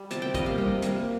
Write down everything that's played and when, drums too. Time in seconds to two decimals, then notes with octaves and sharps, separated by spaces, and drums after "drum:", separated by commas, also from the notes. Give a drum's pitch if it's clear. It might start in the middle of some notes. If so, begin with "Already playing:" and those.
Already playing: G3
0.11 C3 A5, drum: hi-hat
0.22 G5
0.34 G3 A#3 D#5, drum: kick, hi-hat
0.46 F5
0.58 C3, drum: tom G3
0.82 G3 A#3, drum: hi-hat